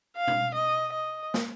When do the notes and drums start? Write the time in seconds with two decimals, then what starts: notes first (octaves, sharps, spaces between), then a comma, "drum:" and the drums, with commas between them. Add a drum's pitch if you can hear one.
0.17 F5
0.28 drum: tom
0.55 D#5
0.93 D#5
1.34 drum: snare